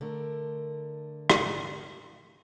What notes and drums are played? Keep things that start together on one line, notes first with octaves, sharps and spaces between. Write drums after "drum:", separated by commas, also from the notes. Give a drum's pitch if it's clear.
D3 A3 A#4
drum: rim click